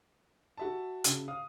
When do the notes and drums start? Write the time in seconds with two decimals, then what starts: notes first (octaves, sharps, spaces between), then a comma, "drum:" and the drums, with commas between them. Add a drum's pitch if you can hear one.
0.57 F#4 E5 A5
1.04 C#3, drum: hi-hat
1.28 F5 D#6